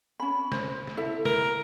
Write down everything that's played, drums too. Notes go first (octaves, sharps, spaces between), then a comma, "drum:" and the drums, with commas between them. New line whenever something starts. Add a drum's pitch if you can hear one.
C#4 B5
C5, drum: snare
drum: snare
E4 A4 E5
A#4, drum: snare